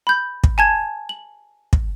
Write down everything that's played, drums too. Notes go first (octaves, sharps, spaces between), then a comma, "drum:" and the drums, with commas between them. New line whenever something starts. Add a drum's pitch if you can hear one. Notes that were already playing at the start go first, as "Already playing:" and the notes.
B5 G6
drum: kick
G#5 A5 G#6
F#7
drum: kick